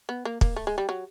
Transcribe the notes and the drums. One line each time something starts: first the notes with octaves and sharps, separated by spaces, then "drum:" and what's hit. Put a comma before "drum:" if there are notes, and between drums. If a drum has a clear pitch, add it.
B3
A#3
A#3, drum: kick
A3
G#3
G3
F#3